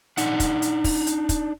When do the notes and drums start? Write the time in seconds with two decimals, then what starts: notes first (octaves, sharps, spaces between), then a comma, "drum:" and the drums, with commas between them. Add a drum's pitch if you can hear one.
0.17 D4 D#4 F#5, drum: hi-hat
0.40 drum: kick, hi-hat
0.62 drum: hi-hat
0.84 drum: kick, open hi-hat
1.07 drum: hi-hat
1.29 drum: kick, hi-hat